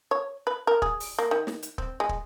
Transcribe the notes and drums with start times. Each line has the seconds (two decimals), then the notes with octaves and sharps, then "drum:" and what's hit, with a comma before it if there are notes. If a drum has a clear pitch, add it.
0.11 C#5
0.47 B4
0.67 A#4
0.82 G#4, drum: kick
1.00 drum: open hi-hat
1.19 A#3
1.31 D#3
1.47 drum: snare
1.62 drum: hi-hat
1.78 C4, drum: kick
2.00 G#3
2.09 drum: kick